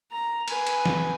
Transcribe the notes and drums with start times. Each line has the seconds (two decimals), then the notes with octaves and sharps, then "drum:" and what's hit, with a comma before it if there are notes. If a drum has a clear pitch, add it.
0.12 A#5
0.48 B4 G#5, drum: cymbal
0.67 drum: cymbal
0.85 drum: snare E3